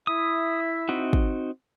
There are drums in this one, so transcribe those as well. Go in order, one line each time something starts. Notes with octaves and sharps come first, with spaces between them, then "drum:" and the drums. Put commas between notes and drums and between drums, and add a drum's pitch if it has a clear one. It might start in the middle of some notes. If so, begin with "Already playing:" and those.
E4 E5 D#6
C4 D#4 F#4
drum: kick